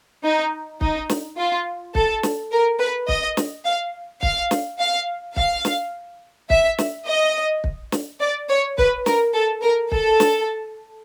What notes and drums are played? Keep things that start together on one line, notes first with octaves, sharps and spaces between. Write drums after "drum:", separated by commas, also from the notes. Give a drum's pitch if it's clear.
D#4
D#4, drum: kick
drum: snare
F4
A4, drum: kick
drum: snare
A#4
B4
D#5, drum: kick
drum: snare
F5
F5, drum: kick
drum: snare
F5
F5, drum: kick
drum: snare
E5, drum: kick
drum: snare
D#5
drum: kick
drum: snare
D5
C#5
B4, drum: kick
A#4, drum: snare
A4
A#4
A4, drum: kick
drum: snare